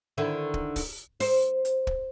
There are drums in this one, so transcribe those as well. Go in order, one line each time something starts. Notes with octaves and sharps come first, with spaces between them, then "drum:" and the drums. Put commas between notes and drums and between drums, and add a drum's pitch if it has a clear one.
D3 D#3 E4
drum: kick
drum: kick, open hi-hat
C5, drum: open hi-hat
drum: hi-hat
drum: kick